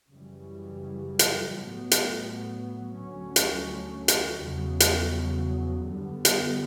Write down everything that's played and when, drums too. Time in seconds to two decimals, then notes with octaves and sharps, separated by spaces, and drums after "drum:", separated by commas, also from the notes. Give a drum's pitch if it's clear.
0.11 F#2 C#3 E3 G3
1.19 drum: hi-hat
1.55 A2 F#3 B3
1.91 drum: hi-hat
3.00 D2 D3 F#3 C#4
3.36 drum: hi-hat
4.08 drum: hi-hat
4.44 E2 C#3 F#3
4.80 drum: hi-hat
5.89 F#2 D3 G3 B3
6.25 drum: hi-hat